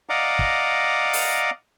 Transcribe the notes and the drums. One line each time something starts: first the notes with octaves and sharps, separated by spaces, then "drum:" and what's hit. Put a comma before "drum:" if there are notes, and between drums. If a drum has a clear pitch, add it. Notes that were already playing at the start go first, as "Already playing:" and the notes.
D5 D#5 F5 F#5 A#5 D6
drum: kick
drum: open hi-hat